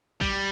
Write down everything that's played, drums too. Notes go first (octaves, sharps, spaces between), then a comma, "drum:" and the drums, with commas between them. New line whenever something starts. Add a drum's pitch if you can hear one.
G3, drum: kick A#1